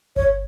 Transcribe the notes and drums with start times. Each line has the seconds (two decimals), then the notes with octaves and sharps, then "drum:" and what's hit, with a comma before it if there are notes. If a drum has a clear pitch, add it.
0.16 C#5, drum: kick G1